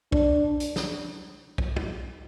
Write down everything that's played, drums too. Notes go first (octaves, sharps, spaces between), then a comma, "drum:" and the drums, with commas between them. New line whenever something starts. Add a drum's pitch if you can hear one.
D4, drum: kick B1
drum: hi-hat
drum: snare
drum: kick B1
drum: tom